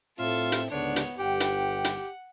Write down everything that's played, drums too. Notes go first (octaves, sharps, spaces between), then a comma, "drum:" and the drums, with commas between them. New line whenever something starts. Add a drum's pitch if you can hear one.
A2 C4 F4 A4 E5
drum: hi-hat
C#2 G#2 D3 B3 D4 C#5
drum: hi-hat
G1 G2 G4 F#5 G5
drum: hi-hat
drum: hi-hat